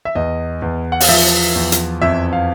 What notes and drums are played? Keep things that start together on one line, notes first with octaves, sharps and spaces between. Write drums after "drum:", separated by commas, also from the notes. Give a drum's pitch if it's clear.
E5
E2 D#5
E2
F#5
F5, drum: open hi-hat
F3 E5
E2
drum: hi-hat
F2 E5
F5